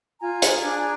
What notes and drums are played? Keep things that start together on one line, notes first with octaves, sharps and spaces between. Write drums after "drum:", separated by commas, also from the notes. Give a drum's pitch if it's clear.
F4 G#5 A#5
G#4, drum: hi-hat
D4